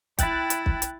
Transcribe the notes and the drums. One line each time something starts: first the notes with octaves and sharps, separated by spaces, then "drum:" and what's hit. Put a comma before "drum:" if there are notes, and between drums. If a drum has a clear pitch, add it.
E4 G5 F#6 A6, drum: kick, hi-hat
drum: hi-hat
drum: kick
drum: hi-hat